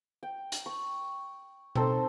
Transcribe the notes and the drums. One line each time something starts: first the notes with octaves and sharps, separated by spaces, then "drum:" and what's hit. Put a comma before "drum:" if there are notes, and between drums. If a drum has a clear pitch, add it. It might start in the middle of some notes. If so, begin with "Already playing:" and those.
G5
drum: hi-hat
C#6
C4 D#4 A4 C5, drum: tom B2